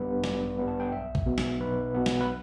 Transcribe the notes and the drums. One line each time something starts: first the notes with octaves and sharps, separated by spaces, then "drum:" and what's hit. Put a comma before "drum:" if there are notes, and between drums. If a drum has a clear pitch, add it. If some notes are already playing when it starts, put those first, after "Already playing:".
Already playing: A1 G2 G3 B3 B4
A1 D5, drum: snare
G2 G3 B3
A5
G5
B1 E5
drum: kick
B2 B3
drum: snare
B1 B4
B2 B3
drum: snare
B4